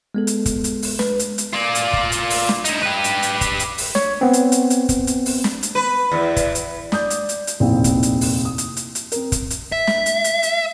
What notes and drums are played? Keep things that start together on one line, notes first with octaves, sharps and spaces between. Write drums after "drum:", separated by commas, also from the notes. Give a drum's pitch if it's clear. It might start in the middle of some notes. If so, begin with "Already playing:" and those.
G#3 B3 A4
drum: hi-hat
drum: kick, hi-hat
drum: hi-hat
drum: open hi-hat
G#3 B4, drum: snare
drum: hi-hat
drum: hi-hat
F4 D5
drum: hi-hat
drum: kick
drum: hi-hat
drum: open hi-hat
drum: snare
D#4 E4, drum: hi-hat
G4 B4
drum: hi-hat
drum: hi-hat
drum: kick, hi-hat
drum: hi-hat
drum: open hi-hat
C#5, drum: snare
B3 C4
drum: hi-hat
drum: hi-hat
drum: hi-hat
drum: kick, hi-hat
drum: hi-hat
drum: open hi-hat
drum: snare
drum: hi-hat
B4
E2
drum: kick, hi-hat
drum: hi-hat
D5 D#6 G6, drum: snare
drum: hi-hat
drum: hi-hat
drum: hi-hat
F1 A#1 D#2 C4 D#4 E4
drum: kick, hi-hat
drum: hi-hat
drum: open hi-hat
D#6
drum: hi-hat
drum: hi-hat
drum: hi-hat
C4 A#4, drum: hi-hat
drum: kick, hi-hat
drum: hi-hat
E5
drum: snare
drum: hi-hat
drum: hi-hat
drum: hi-hat